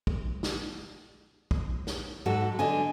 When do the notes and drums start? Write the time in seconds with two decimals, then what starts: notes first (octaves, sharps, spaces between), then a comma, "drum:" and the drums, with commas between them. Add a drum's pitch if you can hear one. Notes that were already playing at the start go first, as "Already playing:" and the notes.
0.07 drum: kick
0.43 drum: snare
1.51 drum: kick
1.87 drum: snare
2.26 G#2 F#3 F#4 A4
2.59 D3 D#5 G#5